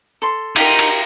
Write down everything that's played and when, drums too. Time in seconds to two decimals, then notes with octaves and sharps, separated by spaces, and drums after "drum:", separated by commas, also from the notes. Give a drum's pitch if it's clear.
0.22 A4 C6
0.56 D#4 F4 G4 A#4, drum: cymbal
0.79 drum: cymbal